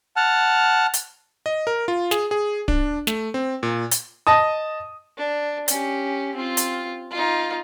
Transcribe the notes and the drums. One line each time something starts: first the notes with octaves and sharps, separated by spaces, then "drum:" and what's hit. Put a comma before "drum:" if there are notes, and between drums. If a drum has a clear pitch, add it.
F#5 A5 F6
drum: hi-hat
D#5
A#4
F4
G#4, drum: snare
G#4
D4, drum: kick D1
A3, drum: snare
C4
A#2
drum: hi-hat
D#5 A5 D#6
D4
C#4 G4, drum: hi-hat
C4 F4
drum: hi-hat
D#4 F4